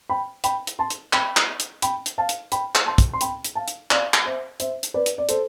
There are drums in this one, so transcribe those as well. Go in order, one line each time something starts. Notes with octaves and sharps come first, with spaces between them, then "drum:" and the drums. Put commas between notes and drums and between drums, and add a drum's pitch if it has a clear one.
G5 B5
G5 B5, drum: hi-hat
drum: hi-hat
A5 C6
drum: hi-hat
G5 B5, drum: clap
drum: clap
drum: hi-hat
G5 B5, drum: hi-hat
drum: hi-hat
F5 A5
drum: hi-hat
G5 B5, drum: hi-hat
drum: clap
A5 C6
drum: kick, hi-hat
C6
G5 B5, drum: hi-hat
drum: hi-hat
F5 A5
drum: hi-hat
D5 F5, drum: clap
drum: clap
C5 E5
C5 E5, drum: hi-hat
drum: hi-hat
B4 D5
drum: hi-hat
D5
A4 C5, drum: hi-hat